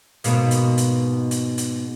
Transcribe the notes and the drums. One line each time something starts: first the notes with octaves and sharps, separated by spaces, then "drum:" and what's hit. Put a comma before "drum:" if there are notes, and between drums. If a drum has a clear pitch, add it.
G#2 B2 A#3, drum: hi-hat
drum: hi-hat
drum: hi-hat
drum: hi-hat
drum: hi-hat